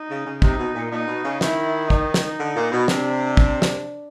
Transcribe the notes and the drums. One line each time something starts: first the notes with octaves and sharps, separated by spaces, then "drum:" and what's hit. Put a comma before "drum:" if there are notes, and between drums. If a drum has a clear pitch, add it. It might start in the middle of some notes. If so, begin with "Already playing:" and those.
Already playing: D#4
C#3
C#3
C3 D#4, drum: kick
B2
A#2
A#2 D#4
B2
C#3
D#3 E4, drum: snare
D#4, drum: kick
drum: snare
D3
A#2
B2
C3 D4, drum: snare
drum: kick
drum: snare